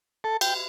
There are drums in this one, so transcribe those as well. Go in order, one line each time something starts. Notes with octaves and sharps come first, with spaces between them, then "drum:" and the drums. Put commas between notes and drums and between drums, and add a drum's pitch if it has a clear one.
A4
G5, drum: cymbal